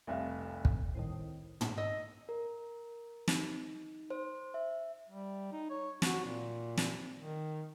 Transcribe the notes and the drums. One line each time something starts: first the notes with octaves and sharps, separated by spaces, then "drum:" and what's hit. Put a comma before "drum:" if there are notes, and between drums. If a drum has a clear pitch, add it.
F1 C2 E5 F5
drum: kick
C2 A2 D#3
drum: tom
D#5 E6
A#4
D#4, drum: snare
C5
E5
G3
D#4
C#5
F#4, drum: snare
A#2
drum: snare
D#3